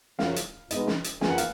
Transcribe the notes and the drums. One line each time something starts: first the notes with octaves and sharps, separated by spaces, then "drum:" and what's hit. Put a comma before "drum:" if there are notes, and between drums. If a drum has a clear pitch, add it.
F#2 C#3 F3 F5, drum: snare
drum: hi-hat
B2 G#3 B3 D#4 D#5, drum: hi-hat
drum: snare
drum: hi-hat
D#3 A#3 F4 G#4 B4 G#5, drum: snare
F#5
F5, drum: hi-hat